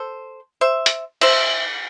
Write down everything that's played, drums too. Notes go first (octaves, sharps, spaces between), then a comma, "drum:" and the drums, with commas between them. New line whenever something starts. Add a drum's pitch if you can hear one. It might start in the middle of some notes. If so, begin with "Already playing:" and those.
Already playing: A4 C5
C5 E5
drum: hi-hat
C5 E5, drum: cymbal